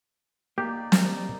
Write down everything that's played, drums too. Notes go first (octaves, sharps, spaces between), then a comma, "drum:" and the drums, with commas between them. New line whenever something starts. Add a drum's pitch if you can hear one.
A#3 D#4 G4 D5
G3, drum: snare